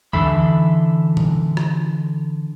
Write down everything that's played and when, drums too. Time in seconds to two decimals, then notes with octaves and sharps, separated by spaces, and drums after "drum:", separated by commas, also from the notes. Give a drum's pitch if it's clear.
0.13 D3 E3 A4 E5 B5, drum: kick
1.17 drum: tom A#2
1.57 drum: rim click